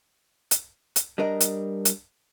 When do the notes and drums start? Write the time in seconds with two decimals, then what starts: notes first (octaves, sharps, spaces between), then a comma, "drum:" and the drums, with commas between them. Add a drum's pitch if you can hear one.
0.51 drum: hi-hat
0.96 drum: hi-hat
1.18 G3 D4 A#4 D#5
1.40 drum: hi-hat
1.85 drum: hi-hat